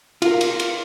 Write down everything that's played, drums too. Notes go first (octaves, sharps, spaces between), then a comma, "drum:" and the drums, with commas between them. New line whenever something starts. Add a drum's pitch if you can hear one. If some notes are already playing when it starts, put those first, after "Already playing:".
F4 A#4, drum: cymbal
drum: cymbal
drum: cymbal